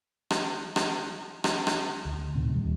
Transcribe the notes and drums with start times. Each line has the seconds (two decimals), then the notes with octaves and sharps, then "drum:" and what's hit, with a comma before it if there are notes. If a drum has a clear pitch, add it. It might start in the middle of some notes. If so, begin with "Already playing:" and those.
0.30 drum: rim click
0.76 drum: rim click
1.44 drum: rim click
1.67 drum: rim click
2.05 D2
2.35 A2 C3 D#3
2.55 D#2 A#2 G3